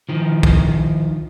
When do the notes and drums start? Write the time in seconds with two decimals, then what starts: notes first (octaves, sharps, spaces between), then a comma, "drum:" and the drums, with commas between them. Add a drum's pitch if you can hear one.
0.09 D#3 F3
0.43 drum: kick